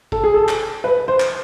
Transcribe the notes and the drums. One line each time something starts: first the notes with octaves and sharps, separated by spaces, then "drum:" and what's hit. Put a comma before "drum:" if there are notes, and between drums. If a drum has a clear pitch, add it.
A4, drum: kick
G#4
A4
drum: clap
B4
C5
drum: clap